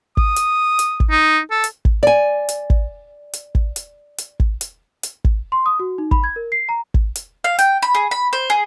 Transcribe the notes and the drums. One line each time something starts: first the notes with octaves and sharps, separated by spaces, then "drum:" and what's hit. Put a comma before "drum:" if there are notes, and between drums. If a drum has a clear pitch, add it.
D#6, drum: kick
drum: hi-hat
drum: hi-hat
drum: kick
D#4
A4
drum: hi-hat
drum: kick
D5 G#5
drum: hi-hat
drum: kick
drum: hi-hat
drum: kick
drum: hi-hat
drum: hi-hat
drum: kick
drum: hi-hat
drum: hi-hat
drum: kick
C6
D#6
F#4
D#4
B5, drum: kick
G#6
A#4
C7
A#5
drum: kick
drum: hi-hat
F5
G5, drum: hi-hat
B5
G#4
B5
C5
G#4